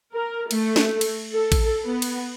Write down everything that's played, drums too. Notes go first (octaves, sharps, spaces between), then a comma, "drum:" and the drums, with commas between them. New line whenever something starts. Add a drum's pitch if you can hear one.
A#4
A3, drum: cymbal
drum: snare
drum: cymbal
A4
drum: kick A1, cymbal
B3
drum: cymbal